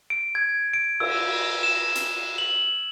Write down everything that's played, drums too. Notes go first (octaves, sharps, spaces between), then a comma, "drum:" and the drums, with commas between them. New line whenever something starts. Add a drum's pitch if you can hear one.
D7
G#6
D7
E6, drum: cymbal
E7
drum: hi-hat
F#7